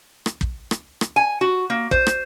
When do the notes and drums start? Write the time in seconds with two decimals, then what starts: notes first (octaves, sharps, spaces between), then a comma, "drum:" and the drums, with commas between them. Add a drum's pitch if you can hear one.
0.26 drum: rim click
0.41 drum: kick
0.71 drum: rim click
1.01 drum: rim click
1.16 G#5
1.41 F#4
1.70 A#3
1.91 C5, drum: kick
2.07 drum: rim click